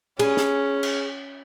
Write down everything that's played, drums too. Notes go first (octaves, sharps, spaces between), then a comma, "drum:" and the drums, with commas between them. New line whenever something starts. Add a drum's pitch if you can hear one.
C#4 G#4, drum: cymbal
drum: snare
drum: cymbal